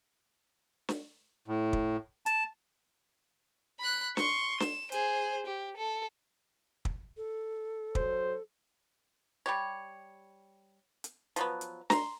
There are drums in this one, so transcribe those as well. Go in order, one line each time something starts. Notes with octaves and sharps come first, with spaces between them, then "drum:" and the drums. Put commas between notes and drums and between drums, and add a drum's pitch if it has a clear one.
drum: snare
A2
drum: kick
A5, drum: hi-hat
B5 F#6
C6 C#6, drum: snare
E7, drum: snare
G#4 C5, drum: hi-hat
G4
A4
drum: kick
A4
F#3 C5, drum: kick
G3 G4 C#5
drum: hi-hat
F3 F#3 B3, drum: hi-hat
drum: hi-hat
A#5 C6, drum: snare